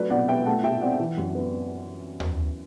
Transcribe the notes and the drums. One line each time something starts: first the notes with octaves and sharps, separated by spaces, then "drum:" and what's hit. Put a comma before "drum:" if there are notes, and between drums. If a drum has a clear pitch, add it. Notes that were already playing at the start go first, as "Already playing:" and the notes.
Already playing: F#3 A3 B4 D5
B2 D5 F#5
B3 E5 G5
A3 F#5 A5
B2 E5 G5
C4 D5 F#5
E3
F#2
B3
drum: tom D#2